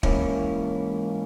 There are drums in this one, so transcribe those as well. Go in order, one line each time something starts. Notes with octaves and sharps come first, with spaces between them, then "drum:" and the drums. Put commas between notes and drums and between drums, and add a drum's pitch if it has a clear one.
G#2 E3 A#3 C#4 E4, drum: kick